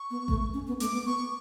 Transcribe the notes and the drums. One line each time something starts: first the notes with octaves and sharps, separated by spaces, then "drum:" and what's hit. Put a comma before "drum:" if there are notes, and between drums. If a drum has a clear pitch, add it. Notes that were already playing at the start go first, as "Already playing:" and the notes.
Already playing: C#6
B3
A3, drum: kick A1
C#4
B3
A3 D6, drum: hi-hat
B3
B3 C#6